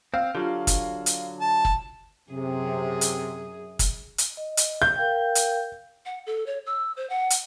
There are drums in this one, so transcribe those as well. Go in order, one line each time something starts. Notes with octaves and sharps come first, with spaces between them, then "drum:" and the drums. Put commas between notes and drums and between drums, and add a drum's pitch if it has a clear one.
C4 F5
D3 F#3 D4 F4 G4
drum: kick, hi-hat
drum: hi-hat
A5
drum: kick
F#2 C3 G#4
drum: hi-hat
drum: kick, hi-hat
drum: hi-hat
D#5
drum: hi-hat
G6
A#4 F5 G5
drum: hi-hat
F#5
A4
C#5
E6
C5
F#5
drum: hi-hat